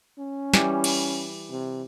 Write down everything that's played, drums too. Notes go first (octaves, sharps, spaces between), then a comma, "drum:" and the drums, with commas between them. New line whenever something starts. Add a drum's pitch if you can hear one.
C#4
E3 G3, drum: snare
drum: cymbal
C3